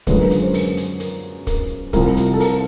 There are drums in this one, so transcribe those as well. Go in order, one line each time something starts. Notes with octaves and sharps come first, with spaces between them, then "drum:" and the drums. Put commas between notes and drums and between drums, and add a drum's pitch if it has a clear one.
F#2 D3 F3 G#3 B4, drum: kick, hi-hat
A#4
B4, drum: hi-hat
C5
A#4, drum: open hi-hat
drum: hi-hat
A#4, drum: hi-hat
A#4, drum: kick, hi-hat
C2 C3 F3 A#4, drum: kick, hi-hat
drum: hi-hat
A4
A#4, drum: open hi-hat